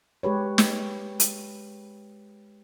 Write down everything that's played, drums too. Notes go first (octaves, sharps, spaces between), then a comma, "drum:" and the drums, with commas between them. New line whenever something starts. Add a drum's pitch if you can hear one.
G#3 G4 B4 C#5
drum: snare
drum: hi-hat